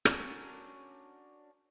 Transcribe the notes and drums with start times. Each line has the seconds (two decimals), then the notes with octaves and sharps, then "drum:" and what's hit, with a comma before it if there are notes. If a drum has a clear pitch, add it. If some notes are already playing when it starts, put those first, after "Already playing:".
0.05 C#4 D4 F#4 A#4, drum: rim click